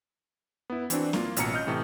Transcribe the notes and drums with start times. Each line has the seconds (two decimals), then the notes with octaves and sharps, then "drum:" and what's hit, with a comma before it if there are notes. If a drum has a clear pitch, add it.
0.70 B3 E4
0.90 E3 C4 D4 F#4, drum: hi-hat
1.13 A#3 F4, drum: snare C4
1.36 A1 B2 C#4 A#5 C#7, drum: hi-hat
1.54 D#5 F6 G6
1.67 A2 C3 E3